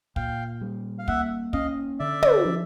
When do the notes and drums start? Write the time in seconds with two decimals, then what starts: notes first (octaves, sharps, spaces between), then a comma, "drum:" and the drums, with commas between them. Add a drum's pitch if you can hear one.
0.16 A#2 F5 G5, drum: kick
0.61 G3
0.99 F5
1.08 A#3 E5 F#5, drum: kick
1.53 C#4 D#5 F5, drum: kick
1.99 D3 D5 E5
2.23 drum: tom
2.45 F3